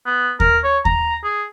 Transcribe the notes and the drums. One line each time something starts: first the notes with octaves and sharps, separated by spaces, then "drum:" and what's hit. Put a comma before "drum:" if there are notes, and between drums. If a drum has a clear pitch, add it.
B3
A#4, drum: kick D#2
C#5
A#5, drum: kick D#2
G#4